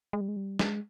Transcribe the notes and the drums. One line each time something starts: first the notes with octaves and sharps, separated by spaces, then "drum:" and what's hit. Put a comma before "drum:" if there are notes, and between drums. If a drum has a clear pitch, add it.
G#3
G3
G#3
G3
G#3, drum: snare